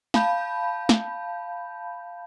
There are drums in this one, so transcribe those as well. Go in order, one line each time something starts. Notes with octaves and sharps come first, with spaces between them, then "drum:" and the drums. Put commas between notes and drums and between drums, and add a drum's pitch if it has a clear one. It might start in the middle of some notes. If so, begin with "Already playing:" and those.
F5 A5 B5 G6, drum: snare
drum: snare